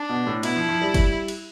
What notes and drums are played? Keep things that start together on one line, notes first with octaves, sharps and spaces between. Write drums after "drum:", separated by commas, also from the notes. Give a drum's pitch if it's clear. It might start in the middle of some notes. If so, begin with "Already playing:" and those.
Already playing: D4
B2
A2
B2 E4, drum: cymbal
F3
F3
G3
drum: kick, cymbal
drum: cymbal